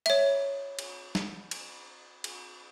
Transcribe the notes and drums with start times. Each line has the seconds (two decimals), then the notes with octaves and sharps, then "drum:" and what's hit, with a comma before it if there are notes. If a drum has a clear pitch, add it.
0.06 C#5 E5, drum: cymbal
0.79 drum: cymbal
1.15 drum: snare
1.51 drum: cymbal
2.24 drum: cymbal